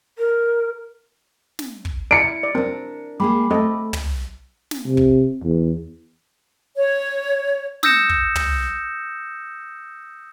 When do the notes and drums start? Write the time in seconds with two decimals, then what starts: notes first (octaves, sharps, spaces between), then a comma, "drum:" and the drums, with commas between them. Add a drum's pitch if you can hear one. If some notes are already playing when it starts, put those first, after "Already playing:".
0.18 A#4
1.59 drum: snare
1.85 drum: kick
2.11 E4 D5 C#7 D7
2.43 D5
2.55 C4 D4 A#4
3.20 G#3 A#3 G#4 G5 B5 D6
3.50 A3 C4 A4 D#5
3.93 drum: tom
4.71 drum: snare
4.86 C3
4.97 drum: kick
5.43 E2
6.76 C#5
7.83 D#6 E6 G6 A#6 C#7 E7, drum: snare
8.09 drum: kick
8.35 drum: tom